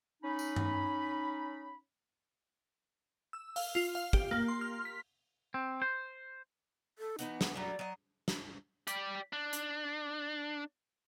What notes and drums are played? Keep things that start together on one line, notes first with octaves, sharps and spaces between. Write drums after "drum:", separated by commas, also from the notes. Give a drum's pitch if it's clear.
C#4 D#4 B5
drum: tambourine
drum: tom G2
E6
F5, drum: open hi-hat
F4
F5
G4, drum: kick
A#3
C6
F6
B6
C4
C5
A4
E3 B3 D#4 F#4, drum: hi-hat
drum: snare
F#3 G3 A3 D5
F#3 D#5
drum: snare
G4 D5, drum: hi-hat
D4
drum: hi-hat